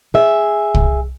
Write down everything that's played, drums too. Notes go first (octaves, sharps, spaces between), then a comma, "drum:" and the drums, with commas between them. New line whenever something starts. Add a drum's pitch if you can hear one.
G#4 E5
drum: kick